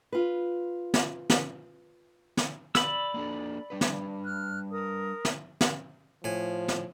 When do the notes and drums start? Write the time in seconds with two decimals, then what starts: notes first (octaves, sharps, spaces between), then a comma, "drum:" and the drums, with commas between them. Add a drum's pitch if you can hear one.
0.12 F4 B4
0.94 drum: snare
1.30 drum: snare
2.37 drum: snare
2.75 D5 B5 E6, drum: snare
3.14 A#3 D4 A4
3.70 G3 D4 B4
3.81 drum: snare
4.24 F6 F#6
4.71 A#4 D#6
5.25 drum: snare
5.61 drum: snare
6.24 A2 F3 G#5
6.68 drum: snare